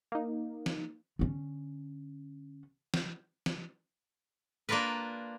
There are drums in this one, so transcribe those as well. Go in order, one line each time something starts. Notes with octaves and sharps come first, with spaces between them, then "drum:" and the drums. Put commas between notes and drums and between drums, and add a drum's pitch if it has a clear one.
A#3 D#4
drum: snare
D3 C#4
drum: snare
drum: snare
A#3 D4 F4 A#4 B4